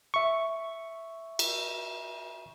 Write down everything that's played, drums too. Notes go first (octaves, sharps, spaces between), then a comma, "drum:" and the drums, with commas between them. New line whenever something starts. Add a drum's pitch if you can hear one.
E5 C#6
drum: cymbal